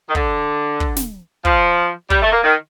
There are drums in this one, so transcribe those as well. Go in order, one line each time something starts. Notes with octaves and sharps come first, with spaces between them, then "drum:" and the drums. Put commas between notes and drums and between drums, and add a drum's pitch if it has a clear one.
D#3
D3, drum: kick
drum: kick
drum: snare
F3, drum: kick
G3, drum: kick
A3
A#3
D#3